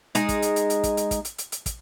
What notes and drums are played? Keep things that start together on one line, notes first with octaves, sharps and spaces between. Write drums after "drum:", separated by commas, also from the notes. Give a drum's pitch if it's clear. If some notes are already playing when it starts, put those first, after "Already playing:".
G#3 D#4, drum: hi-hat
drum: kick, hi-hat
drum: hi-hat
drum: hi-hat
drum: hi-hat
drum: kick, hi-hat
drum: hi-hat
drum: kick, hi-hat
drum: hi-hat
drum: hi-hat
drum: hi-hat
drum: kick, hi-hat